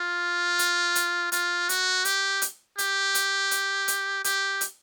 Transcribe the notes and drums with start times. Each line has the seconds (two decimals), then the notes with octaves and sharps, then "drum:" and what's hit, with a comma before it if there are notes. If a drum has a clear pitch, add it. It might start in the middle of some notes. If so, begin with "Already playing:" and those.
Already playing: F4
0.59 drum: hi-hat
0.95 drum: hi-hat
1.32 F4, drum: hi-hat
1.69 F#4, drum: hi-hat
2.05 G4, drum: hi-hat
2.42 drum: hi-hat
2.78 G4, drum: hi-hat
3.15 drum: hi-hat
3.51 drum: hi-hat
3.88 drum: hi-hat
4.24 G4, drum: hi-hat
4.61 drum: hi-hat